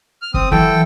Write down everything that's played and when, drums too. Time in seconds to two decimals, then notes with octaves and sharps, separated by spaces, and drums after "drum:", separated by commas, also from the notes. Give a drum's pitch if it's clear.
0.22 F6
0.34 C4 D#6, drum: kick
0.51 E3 F#3 A4 G5, drum: kick